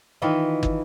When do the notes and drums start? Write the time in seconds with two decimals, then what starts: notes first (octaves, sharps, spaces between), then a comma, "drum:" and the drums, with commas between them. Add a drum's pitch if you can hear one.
0.22 D#3 E3 F4 D#5 E5
0.63 drum: kick